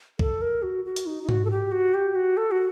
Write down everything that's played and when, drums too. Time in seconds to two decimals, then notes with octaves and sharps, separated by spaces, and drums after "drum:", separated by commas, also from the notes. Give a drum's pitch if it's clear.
0.19 A4, drum: kick
0.42 A#4
0.62 F#4
0.85 F#4
0.96 drum: hi-hat
1.06 D#4
1.23 D#4
1.29 F#4, drum: tom G#2
1.45 A4
1.51 G4
1.72 F#4
1.94 G4
2.15 F#4
2.37 A4
2.51 F#4